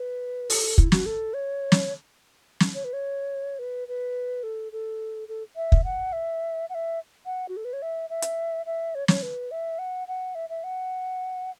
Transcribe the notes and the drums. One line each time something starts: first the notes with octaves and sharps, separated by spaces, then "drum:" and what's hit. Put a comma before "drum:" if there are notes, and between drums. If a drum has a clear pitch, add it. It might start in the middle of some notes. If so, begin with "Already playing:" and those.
Already playing: B4
A4, drum: open hi-hat
E4, drum: kick
F#4, drum: snare
A4
C#5
drum: snare
drum: snare
C#5
B4
C#5
B4
B4
A4
A4
A4
E5
drum: kick
F#5
E5
F#5
E5
F#5
F#4
A4
B4
C#5
E5
E5
drum: hi-hat
E5
C#5
C#5, drum: snare
B4
E5
F#5
F#5
E5
E5
F#5